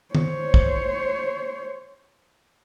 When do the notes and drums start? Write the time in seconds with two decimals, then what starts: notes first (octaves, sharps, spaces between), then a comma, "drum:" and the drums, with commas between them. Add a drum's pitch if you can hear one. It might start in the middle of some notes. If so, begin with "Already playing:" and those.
0.15 C5 C#5, drum: tom D#3
0.54 drum: kick